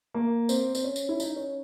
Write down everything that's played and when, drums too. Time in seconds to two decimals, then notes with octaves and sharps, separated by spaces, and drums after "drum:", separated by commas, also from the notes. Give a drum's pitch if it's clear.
0.14 A#3
0.49 C4, drum: tambourine
0.75 C4, drum: tambourine
0.84 C#4
0.96 drum: tambourine
1.09 E4
1.20 D#4, drum: tambourine
1.36 C#4